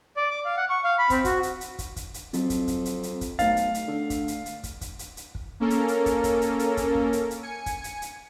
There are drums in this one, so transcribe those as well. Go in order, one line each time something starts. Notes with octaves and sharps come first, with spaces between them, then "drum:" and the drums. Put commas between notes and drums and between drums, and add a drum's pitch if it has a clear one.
D5
D6
F5
F#5
C#6
F5
B5
C4, drum: kick, hi-hat
F#4, drum: kick, hi-hat
drum: hi-hat
drum: hi-hat
drum: kick, hi-hat
drum: kick, hi-hat
drum: hi-hat
F2 F#3 C4, drum: hi-hat
drum: kick, hi-hat
drum: kick, hi-hat
drum: hi-hat
drum: hi-hat
drum: kick, hi-hat
B1 A3 F5 A6, drum: kick, hi-hat
drum: hi-hat
drum: hi-hat
D3
drum: kick, hi-hat
drum: hi-hat
drum: hi-hat
drum: kick, hi-hat
drum: kick, hi-hat
drum: hi-hat
drum: hi-hat
drum: kick
A#3 C#4 A4 A#4
drum: hi-hat
drum: hi-hat
drum: kick, hi-hat
drum: kick, hi-hat
drum: hi-hat
drum: hi-hat
drum: kick, hi-hat
drum: kick
drum: hi-hat
drum: hi-hat
G#5 C#7
drum: kick, hi-hat
drum: hi-hat
drum: hi-hat